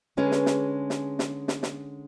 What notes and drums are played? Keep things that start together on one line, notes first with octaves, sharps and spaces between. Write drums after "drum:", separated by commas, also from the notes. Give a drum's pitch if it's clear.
D3 G#3 C#4 G#4 B4
drum: snare
drum: snare
drum: snare
drum: snare
drum: snare
drum: snare